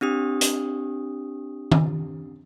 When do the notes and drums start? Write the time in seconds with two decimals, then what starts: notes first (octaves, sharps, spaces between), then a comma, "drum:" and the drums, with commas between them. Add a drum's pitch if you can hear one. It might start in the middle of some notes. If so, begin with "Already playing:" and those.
0.01 C4 D4 G4 D#6
0.41 drum: hi-hat
1.72 drum: tom D#3